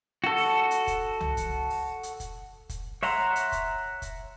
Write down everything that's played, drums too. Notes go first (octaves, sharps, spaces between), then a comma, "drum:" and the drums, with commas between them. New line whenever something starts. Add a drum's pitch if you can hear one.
F#4 A4
drum: open hi-hat
drum: hi-hat
drum: kick F1, hi-hat
drum: tom C2
drum: kick F1, hi-hat
drum: open hi-hat
drum: hi-hat
drum: kick F1, hi-hat
drum: kick F1, hi-hat
C#5 E5 F#5 A#5 C6, drum: open hi-hat
drum: hi-hat
drum: kick F1, hi-hat
drum: kick F1, hi-hat